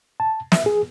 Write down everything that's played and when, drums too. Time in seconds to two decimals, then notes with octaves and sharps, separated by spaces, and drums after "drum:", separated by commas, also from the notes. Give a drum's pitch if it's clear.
0.20 A5
0.52 E5, drum: snare
0.66 G#4